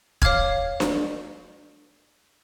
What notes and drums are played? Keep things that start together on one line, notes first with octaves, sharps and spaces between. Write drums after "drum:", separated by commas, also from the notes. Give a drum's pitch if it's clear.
C#5 F5 D6 F6 G#6, drum: kick E1
drum: snare D4